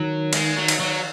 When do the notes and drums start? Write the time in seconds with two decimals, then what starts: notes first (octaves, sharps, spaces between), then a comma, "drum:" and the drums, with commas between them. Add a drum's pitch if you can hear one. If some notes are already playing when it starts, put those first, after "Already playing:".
Already playing: D#3 F#3
0.33 G#3, drum: cymbal
0.57 F#3
0.68 drum: cymbal
0.80 F#3